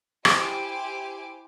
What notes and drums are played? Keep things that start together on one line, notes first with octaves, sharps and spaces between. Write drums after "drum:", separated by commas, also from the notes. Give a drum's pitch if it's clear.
E4 G4 C5 G#5 D6, drum: rim click